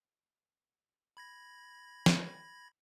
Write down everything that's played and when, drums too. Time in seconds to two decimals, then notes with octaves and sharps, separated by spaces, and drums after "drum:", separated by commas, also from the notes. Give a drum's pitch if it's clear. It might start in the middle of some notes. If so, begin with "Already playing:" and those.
1.17 B5 G#6 A#6
2.06 drum: snare